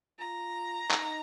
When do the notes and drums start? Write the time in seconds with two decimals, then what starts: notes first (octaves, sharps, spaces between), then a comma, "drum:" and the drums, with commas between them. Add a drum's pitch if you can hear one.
0.19 F4 A#5
0.91 D#4, drum: clap